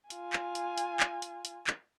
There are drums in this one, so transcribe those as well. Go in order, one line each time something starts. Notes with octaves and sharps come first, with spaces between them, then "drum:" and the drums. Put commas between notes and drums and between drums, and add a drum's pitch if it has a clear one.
F4 G#5, drum: hi-hat
drum: clap
drum: hi-hat
drum: hi-hat
drum: clap
drum: hi-hat
drum: hi-hat
drum: clap